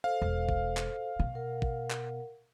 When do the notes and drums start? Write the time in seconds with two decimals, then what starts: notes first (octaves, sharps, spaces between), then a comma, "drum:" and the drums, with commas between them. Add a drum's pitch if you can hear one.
0.04 A4 C5 F5
0.22 E1
0.49 drum: kick
0.77 drum: clap
1.20 B2
1.34 A#4 F#5
1.62 drum: kick
1.90 drum: clap